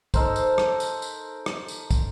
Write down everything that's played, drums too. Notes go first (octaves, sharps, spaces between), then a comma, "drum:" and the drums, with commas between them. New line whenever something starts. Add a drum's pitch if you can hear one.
D#4 A4 A#4 C5, drum: kick, tambourine
drum: tambourine
drum: rim click
drum: tambourine
drum: tambourine
drum: rim click
drum: tambourine
drum: kick, tambourine